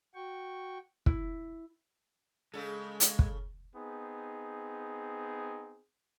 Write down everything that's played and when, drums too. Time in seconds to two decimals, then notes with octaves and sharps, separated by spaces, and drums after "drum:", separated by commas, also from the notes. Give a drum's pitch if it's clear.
0.14 F#4 G5 C#6
1.06 E4, drum: kick
2.54 C#3 G#3 A4
3.00 drum: hi-hat
3.19 drum: kick
3.75 B3 C4 D#4 G#4